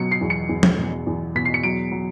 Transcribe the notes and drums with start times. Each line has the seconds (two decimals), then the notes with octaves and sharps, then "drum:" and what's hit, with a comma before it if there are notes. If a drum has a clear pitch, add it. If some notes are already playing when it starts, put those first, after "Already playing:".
Already playing: B2 F#3 C#7
0.12 C7
0.21 E2
0.30 C#7
0.49 E2
0.63 drum: tom
0.78 B2
1.07 E2
1.35 B2 B6
1.45 C7
1.54 C#7
1.63 F#3 D7
1.91 F#3